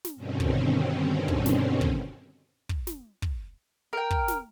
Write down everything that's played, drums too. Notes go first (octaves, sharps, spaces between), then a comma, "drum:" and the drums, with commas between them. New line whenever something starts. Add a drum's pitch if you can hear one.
drum: snare
G2 B2 D3 D#3 C4 C#4
drum: kick
drum: kick
drum: snare
drum: kick
drum: kick
drum: snare
drum: kick
A#4 G5
drum: kick
drum: snare